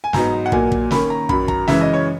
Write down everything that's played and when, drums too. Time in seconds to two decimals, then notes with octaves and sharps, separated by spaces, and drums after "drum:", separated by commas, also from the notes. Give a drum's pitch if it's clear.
0.04 G#5
0.13 G#2 F#3 B3 D#4 A#5, drum: snare
0.46 F#5
0.52 A#2 F#3 A#3 G#5, drum: kick
0.72 drum: kick
0.91 D#3 A#3 C#4 B5, drum: snare
1.10 A#5
1.29 F#2 D#3 F#3 B5, drum: kick
1.48 A#5, drum: kick
1.68 F#2 C#3 E3 G#3 E5, drum: snare
1.81 D#5
1.93 C#5